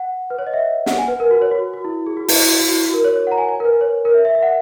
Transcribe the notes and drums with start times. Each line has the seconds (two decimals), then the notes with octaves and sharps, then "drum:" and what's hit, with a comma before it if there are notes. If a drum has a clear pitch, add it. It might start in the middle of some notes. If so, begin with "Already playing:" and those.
Already playing: F#5
0.30 B4
0.39 C#5
0.47 D#5
0.54 E5
0.86 F#5, drum: snare
0.98 G#5
1.08 B4
1.20 A#4
1.31 F#4
1.41 C#5
1.51 F#4
1.74 F#4
1.85 E4
2.06 G#4
2.17 F#4
2.28 E4, drum: open hi-hat
2.39 F#4
2.60 F#4
2.72 E4
2.82 F#4
2.94 A#4
3.04 C#5
3.16 C#5
3.27 F#5
3.31 A#5
3.38 G#5
3.49 G#5
3.60 A#4
3.65 B4
3.81 C#5
4.05 A#4
4.14 E5
4.25 E5
4.35 E5
4.43 F#5